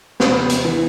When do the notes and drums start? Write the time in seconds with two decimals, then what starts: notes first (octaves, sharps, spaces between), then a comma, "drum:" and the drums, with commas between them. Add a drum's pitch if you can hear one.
0.20 B3, drum: snare
0.49 drum: hi-hat
0.65 E3